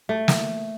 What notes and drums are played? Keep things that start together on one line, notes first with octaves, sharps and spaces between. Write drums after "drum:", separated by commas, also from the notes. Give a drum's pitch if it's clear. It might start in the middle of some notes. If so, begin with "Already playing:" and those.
A3
drum: snare